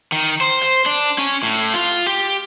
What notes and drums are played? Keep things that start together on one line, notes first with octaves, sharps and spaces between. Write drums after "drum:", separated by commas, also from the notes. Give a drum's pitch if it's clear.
D#3
C5
drum: hi-hat
D4
C#4, drum: hi-hat
A2
F4, drum: hi-hat
G4